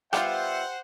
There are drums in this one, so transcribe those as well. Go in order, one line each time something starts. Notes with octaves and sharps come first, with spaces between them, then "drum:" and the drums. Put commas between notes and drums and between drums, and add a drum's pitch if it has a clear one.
G3 B3 F4 G4 C5 E5 F#5, drum: rim click